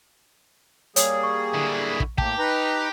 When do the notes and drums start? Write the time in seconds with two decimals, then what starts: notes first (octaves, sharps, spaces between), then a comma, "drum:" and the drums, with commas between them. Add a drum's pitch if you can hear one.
0.96 G3 A#3 G#4 C#5 D#6, drum: hi-hat
1.23 C#6
1.54 D3 E4
2.00 drum: kick
2.18 A2 A#3 G4 A5, drum: kick
2.38 D#4 B4 A#5